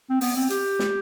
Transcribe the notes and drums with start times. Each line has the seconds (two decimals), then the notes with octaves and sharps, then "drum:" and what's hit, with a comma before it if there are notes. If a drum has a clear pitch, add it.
0.10 C4
0.21 B3, drum: open hi-hat
0.36 C4
0.50 G4, drum: hi-hat
0.79 drum: snare